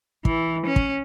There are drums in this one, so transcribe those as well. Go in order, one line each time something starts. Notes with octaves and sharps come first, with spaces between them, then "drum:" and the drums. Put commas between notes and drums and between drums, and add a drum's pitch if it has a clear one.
E3, drum: kick
C#4
drum: kick